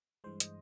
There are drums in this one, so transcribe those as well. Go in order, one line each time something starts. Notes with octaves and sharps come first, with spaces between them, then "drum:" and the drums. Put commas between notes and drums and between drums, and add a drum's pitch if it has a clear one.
G2 E3 G#3 C5
D#5, drum: hi-hat